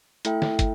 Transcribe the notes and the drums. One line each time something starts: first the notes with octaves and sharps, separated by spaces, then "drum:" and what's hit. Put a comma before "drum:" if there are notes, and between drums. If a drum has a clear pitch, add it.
A3 E4 A4 E5 G5, drum: hi-hat
drum: snare
drum: kick, hi-hat